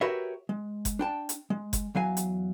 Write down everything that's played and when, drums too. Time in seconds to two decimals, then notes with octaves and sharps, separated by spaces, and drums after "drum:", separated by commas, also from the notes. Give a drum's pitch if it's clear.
0.01 F#4 G4 A#4 B4 C#5 E5
0.49 G#3
0.85 drum: kick F#1, hi-hat
0.99 D4 G5 A5
1.29 drum: hi-hat
1.50 G#3
1.73 drum: kick F#1, hi-hat
1.95 E2 F#3 F5 G#5
2.17 drum: hi-hat